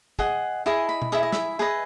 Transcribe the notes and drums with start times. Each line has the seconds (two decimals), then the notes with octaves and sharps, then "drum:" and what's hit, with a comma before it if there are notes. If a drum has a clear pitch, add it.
0.19 G#4 D#5 F#5, drum: kick
0.66 E4 G#4 D#5 G#5
0.89 B5
1.02 drum: tom
1.12 E4 G#4 D#5 E5
1.23 D#5
1.32 E5, drum: snare
1.59 G#4 B4 D#5